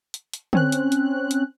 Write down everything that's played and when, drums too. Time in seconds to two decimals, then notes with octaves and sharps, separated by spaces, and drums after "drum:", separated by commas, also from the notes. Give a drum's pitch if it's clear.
0.14 drum: hi-hat
0.33 drum: hi-hat
0.53 C4 C#4 F#6, drum: tom D3
0.72 drum: hi-hat
0.92 drum: hi-hat
1.31 drum: hi-hat